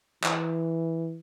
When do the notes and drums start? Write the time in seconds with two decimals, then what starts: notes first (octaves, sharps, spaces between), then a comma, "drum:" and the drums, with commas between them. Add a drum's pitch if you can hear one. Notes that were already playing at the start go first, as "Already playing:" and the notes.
0.24 E3, drum: clap